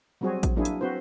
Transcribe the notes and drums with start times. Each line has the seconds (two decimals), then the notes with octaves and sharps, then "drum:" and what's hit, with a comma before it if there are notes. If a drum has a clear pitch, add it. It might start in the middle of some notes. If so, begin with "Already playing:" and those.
0.21 F#3 G3 C4 F#4 G#4 C#5
0.43 drum: kick A1, hi-hat
0.56 F#3 A#3 D4 E4 G#4
0.65 drum: hi-hat
0.81 C4 F#4 B4 C5